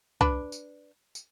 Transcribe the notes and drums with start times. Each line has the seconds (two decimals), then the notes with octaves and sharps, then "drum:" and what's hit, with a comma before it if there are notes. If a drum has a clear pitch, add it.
0.21 D4 B4, drum: kick C2
0.52 drum: tambourine
1.15 drum: tambourine